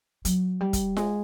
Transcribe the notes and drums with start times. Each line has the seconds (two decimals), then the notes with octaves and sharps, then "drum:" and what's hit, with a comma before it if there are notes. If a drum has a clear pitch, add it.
0.25 F#3, drum: hi-hat
0.61 G3
0.73 drum: kick, hi-hat
0.97 G#3, drum: snare F4